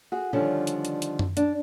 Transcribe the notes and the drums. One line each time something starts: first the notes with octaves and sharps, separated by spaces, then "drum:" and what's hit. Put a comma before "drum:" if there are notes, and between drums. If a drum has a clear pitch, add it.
F#4 G#4
D3 D#3 F3 G3 C#4
drum: hi-hat
drum: hi-hat
drum: hi-hat
drum: tom F#2
D4, drum: hi-hat